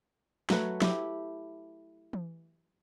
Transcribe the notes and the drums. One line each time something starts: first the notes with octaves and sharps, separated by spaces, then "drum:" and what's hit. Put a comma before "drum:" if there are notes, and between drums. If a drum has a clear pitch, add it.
F#3 A3 B4 C#5, drum: snare
E4 G4, drum: snare
drum: tom E3